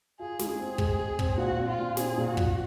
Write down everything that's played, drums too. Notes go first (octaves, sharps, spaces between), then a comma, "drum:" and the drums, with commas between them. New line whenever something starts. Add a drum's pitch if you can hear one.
F4 G#4
G#3, drum: snare
G#4
C4
G#3, drum: kick
G#3
C4, drum: kick
A#2 F#4
C4
F4
A#2
C4 G#4, drum: snare
A#2
F#4
F3, drum: kick